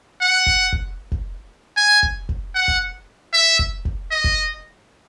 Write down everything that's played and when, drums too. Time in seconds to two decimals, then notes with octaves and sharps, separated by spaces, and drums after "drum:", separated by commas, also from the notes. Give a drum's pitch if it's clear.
0.21 F#5
0.46 drum: kick F#1
0.73 drum: kick F#1
1.12 drum: kick F#1
1.77 G#5
2.03 drum: kick F#1
2.29 drum: kick F#1
2.55 F#5
2.68 drum: kick F#1
3.33 E5
3.59 drum: kick F#1
3.85 drum: kick F#1
4.11 D#5
4.24 drum: kick F#1